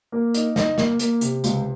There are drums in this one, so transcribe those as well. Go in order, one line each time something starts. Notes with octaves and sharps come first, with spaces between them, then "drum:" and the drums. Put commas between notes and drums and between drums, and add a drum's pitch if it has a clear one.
A#3
D#4, drum: hi-hat
D#4, drum: snare
A#3, drum: snare
A#3, drum: hi-hat
C3, drum: hi-hat
C#2, drum: hi-hat